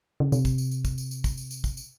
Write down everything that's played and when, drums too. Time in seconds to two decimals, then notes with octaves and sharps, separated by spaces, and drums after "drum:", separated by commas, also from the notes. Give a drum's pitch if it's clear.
0.20 C#3
0.32 C3, drum: tambourine
0.45 drum: kick, tambourine
0.58 drum: tambourine
0.71 drum: tambourine
0.85 drum: kick, tambourine
0.98 drum: tambourine
1.11 drum: tambourine
1.24 drum: kick, tambourine
1.37 drum: tambourine
1.51 drum: tambourine
1.64 drum: kick, tambourine
1.77 drum: tambourine